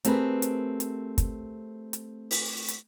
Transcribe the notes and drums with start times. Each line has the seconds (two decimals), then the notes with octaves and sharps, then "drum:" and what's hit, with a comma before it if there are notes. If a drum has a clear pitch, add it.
0.05 A3 C4 G4 G#4 A#4 B4, drum: hi-hat
0.42 drum: hi-hat
0.80 drum: hi-hat
1.18 drum: kick, hi-hat
1.93 drum: hi-hat
2.31 drum: open hi-hat
2.68 drum: hi-hat